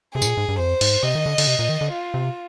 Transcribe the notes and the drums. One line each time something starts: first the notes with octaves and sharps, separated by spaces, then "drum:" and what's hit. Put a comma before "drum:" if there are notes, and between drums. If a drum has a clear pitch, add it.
C3 G#4
G#2, drum: tambourine
A#2
G#2
G2
F2 C5
G#2, drum: cymbal
C3 D#5
D#3
D3
D3, drum: cymbal
C3
A#2
D#3
D3
F4
C3